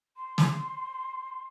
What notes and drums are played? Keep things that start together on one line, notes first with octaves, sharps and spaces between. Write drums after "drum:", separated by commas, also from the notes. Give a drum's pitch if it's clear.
C6
drum: snare